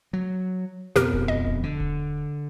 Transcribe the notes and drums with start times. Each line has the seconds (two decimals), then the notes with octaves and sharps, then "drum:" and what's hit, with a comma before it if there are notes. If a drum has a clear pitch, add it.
0.13 F#3
0.96 F2 B2 F3 G4 A#4, drum: snare
1.13 drum: kick D#1
1.28 D#5
1.47 drum: kick D#1
1.63 D3
1.80 drum: kick D#1